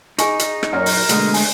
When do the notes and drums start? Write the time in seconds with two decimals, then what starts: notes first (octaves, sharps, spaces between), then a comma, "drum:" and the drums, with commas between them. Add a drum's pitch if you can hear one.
0.18 D#4 G#4 G#5 C#6, drum: hi-hat
0.39 drum: hi-hat
0.63 drum: rim click
0.73 F#2 A#2 F#3 A#4
0.86 drum: open hi-hat
1.09 B2 D3 G#3 A3, drum: hi-hat
1.34 G#5, drum: open hi-hat